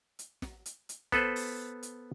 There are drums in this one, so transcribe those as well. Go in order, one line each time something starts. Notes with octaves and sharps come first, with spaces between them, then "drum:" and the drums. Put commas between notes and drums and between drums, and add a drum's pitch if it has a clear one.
drum: hi-hat
drum: snare
drum: hi-hat
drum: hi-hat
B3 A4 B4 C5, drum: snare
drum: open hi-hat
drum: hi-hat